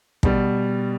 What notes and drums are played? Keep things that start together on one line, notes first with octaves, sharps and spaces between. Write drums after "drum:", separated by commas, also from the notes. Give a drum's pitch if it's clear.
B2 G3, drum: kick